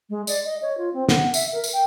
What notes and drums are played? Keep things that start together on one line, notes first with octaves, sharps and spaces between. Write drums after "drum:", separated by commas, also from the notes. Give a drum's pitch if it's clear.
G#3
D5, drum: tambourine
D#5
C#5
F4
C4
F#5, drum: snare
E5, drum: tambourine
A#4
drum: tambourine
G5